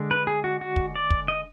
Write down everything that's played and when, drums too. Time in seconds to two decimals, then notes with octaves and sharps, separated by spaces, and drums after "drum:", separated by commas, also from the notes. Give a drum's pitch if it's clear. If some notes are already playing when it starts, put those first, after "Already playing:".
Already playing: D3 G#3 D4
0.11 B4
0.27 G#4
0.44 F#4
0.61 F#4
0.76 drum: kick
0.96 D5
1.10 drum: kick
1.28 D#5